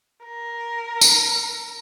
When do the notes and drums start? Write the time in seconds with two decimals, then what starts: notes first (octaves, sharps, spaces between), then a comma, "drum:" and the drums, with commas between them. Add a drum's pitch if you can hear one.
0.25 A#4
1.01 drum: tambourine